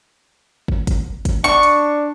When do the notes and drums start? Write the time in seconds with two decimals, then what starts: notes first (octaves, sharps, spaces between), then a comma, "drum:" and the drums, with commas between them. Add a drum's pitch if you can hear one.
0.68 drum: kick
0.87 drum: kick, hi-hat
1.25 drum: kick, hi-hat
1.44 D4 C#6
1.63 drum: hi-hat